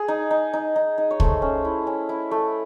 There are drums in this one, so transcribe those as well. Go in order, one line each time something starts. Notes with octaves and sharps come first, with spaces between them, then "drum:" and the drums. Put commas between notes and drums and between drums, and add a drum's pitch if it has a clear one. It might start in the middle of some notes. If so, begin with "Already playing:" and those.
Already playing: G#4
D#4
D#4
D#4
D#4
D#4
C#5
A3 C5, drum: kick
C#4
E4
C#4
E4
A3